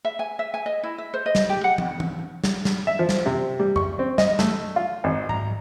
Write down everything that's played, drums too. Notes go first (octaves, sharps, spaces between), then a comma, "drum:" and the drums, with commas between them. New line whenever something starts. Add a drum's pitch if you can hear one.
E5
G#5
E5
G#5
D#5
E4
E5
C5
D#5
drum: snare
G4
F#5
drum: tom
drum: tom E3
drum: snare
drum: snare
E5
F3
drum: snare
C3
G3
C#6, drum: tom F2
C4
D#5, drum: snare
A3, drum: snare
F4
G#1
A#5, drum: tom G#2